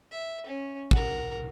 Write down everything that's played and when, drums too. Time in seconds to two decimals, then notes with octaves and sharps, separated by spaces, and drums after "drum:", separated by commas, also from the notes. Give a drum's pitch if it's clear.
0.11 E5
0.46 C#4
0.91 A#4 F#5, drum: kick